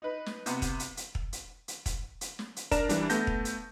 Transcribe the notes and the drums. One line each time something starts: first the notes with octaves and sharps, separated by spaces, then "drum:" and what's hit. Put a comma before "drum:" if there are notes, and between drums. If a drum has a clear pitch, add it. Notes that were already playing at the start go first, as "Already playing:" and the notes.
D#4 B4
drum: snare
C3 B3, drum: hi-hat
drum: kick, hi-hat
drum: hi-hat
drum: hi-hat
drum: kick
drum: hi-hat
drum: hi-hat
drum: kick, hi-hat
drum: hi-hat
drum: snare
drum: hi-hat
D4 A#4 D5 A5 A#5 E7, drum: kick, hi-hat
E3 G3 D4, drum: hi-hat
A3 B3 A5 G6 A#6, drum: hi-hat
drum: kick
drum: hi-hat